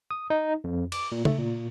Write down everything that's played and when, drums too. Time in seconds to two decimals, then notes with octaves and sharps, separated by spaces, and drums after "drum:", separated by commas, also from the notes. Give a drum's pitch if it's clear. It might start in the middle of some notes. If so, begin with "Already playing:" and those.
0.11 D#6
0.30 D#4
0.64 F2
0.92 D6, drum: cymbal
1.12 A#2
1.25 A3, drum: tom C#3
1.39 A#2